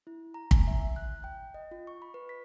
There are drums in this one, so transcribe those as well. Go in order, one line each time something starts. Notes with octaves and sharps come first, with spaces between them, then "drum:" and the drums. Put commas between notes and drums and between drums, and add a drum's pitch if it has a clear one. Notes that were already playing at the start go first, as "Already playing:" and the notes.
E4
A#5
G#5, drum: kick
E5
F#6
G5
D#5
F4
C#6
B5
B4
B6